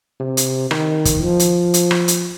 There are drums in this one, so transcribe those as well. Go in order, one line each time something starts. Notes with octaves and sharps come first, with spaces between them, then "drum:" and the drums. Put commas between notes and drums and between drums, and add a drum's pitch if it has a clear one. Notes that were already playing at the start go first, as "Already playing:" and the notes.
C3
drum: hi-hat
D#3, drum: rim click
drum: kick, hi-hat
F3
drum: hi-hat
drum: hi-hat
drum: rim click
drum: hi-hat